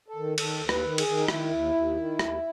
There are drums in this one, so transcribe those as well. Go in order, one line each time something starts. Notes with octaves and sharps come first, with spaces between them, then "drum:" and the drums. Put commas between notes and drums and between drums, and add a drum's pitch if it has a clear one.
A4
D#3
D#3 A4, drum: cymbal
D#2
B4, drum: rim click
D#3
G#4, drum: cymbal
D#3
D#4
D#3 E4, drum: rim click
D#2
D#2
D#3
D#2, drum: rim click